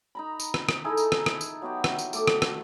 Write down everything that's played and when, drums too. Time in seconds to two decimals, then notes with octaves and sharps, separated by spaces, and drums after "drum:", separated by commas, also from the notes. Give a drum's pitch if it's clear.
0.15 D#4 A#5 B5
0.40 drum: tambourine
0.54 drum: rim click
0.69 drum: rim click
0.85 D#4 E4 G#4 A4
0.97 drum: tambourine
1.12 drum: rim click
1.26 drum: rim click
1.41 drum: tambourine
1.62 F#3 B3 F#4 G4
1.84 drum: rim click
1.99 drum: tambourine
2.13 A3 D6, drum: tambourine
2.27 drum: rim click
2.42 drum: rim click